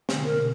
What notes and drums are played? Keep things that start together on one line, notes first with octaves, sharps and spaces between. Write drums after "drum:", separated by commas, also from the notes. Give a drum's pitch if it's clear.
D3, drum: snare
C3
B2 A#4